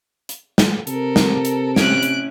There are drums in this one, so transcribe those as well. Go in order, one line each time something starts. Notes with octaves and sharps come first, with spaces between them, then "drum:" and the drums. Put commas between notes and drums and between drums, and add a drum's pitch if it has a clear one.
drum: hi-hat
drum: snare
C3 A4 A#4, drum: hi-hat
drum: snare
drum: hi-hat
C#4 E4 F#6 D7, drum: snare
drum: hi-hat